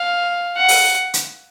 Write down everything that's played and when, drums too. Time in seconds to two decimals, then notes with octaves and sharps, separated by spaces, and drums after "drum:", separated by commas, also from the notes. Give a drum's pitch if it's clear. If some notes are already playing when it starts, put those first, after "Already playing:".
Already playing: F5
0.56 F#5
0.68 drum: open hi-hat
1.14 drum: hi-hat